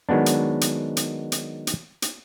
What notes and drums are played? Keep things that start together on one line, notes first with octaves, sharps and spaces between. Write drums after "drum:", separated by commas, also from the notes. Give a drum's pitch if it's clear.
D#3 F#3 G#3 B3 D4
drum: hi-hat
drum: hi-hat
drum: hi-hat
drum: hi-hat
drum: hi-hat
drum: hi-hat